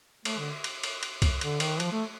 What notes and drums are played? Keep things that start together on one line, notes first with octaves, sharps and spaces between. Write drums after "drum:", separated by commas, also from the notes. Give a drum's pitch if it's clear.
A3, drum: cymbal
D3
drum: cymbal
drum: cymbal
drum: cymbal
drum: kick C2, cymbal
D3, drum: cymbal
D#3, drum: cymbal
F3, drum: cymbal
A3